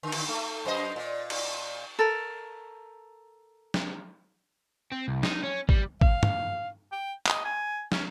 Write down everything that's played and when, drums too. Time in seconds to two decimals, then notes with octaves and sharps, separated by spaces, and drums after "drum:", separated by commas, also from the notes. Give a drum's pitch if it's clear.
0.03 D3
0.12 drum: cymbal
0.28 A3
0.65 F#2 C5 D#5
0.96 A#2
1.30 drum: cymbal
1.99 A4 A#4
3.74 drum: snare
4.92 C4
5.08 C2
5.23 D#4, drum: snare
5.43 C#4
5.69 G3, drum: kick
6.01 F5, drum: kick
6.23 drum: tom
6.92 G5
7.26 D#5, drum: clap
7.45 G#5
7.92 C#4, drum: snare